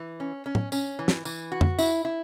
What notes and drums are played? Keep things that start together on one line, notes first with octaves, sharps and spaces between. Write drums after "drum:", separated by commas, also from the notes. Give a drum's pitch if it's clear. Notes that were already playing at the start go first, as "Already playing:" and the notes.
Already playing: E3
C#4
C#4
drum: tom
C#4, drum: tambourine
E3
drum: snare
E3, drum: tambourine
F#4
drum: tom F2
E4, drum: tambourine
E4